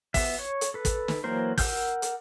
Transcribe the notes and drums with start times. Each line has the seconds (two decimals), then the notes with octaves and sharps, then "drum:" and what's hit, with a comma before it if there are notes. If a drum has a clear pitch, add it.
0.14 B3 E5, drum: kick, open hi-hat
0.39 C#5
0.61 drum: hi-hat
0.74 A4 B4
0.85 drum: kick, hi-hat
1.08 drum: snare
1.24 E3 F#3 A#3 A#4 C5
1.58 A#4 F#5 E6 F6 G6, drum: kick, open hi-hat
2.02 drum: hi-hat